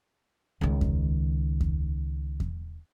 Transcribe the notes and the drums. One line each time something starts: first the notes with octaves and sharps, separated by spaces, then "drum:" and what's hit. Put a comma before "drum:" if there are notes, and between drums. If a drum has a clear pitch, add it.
C#2 D#3
drum: kick E2
drum: kick E2
drum: kick E2